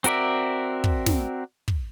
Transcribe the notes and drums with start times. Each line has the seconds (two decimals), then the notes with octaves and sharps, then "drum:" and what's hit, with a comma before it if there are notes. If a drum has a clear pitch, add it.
0.04 C4 F#4 A#4 D5 E5, drum: hi-hat
0.84 drum: kick
1.06 drum: snare
1.68 drum: kick